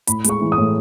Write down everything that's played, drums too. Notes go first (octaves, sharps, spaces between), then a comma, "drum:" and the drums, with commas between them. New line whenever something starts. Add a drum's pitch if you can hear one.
A2 B5, drum: hi-hat
G#3, drum: hi-hat
C#6
E3
D#6
A2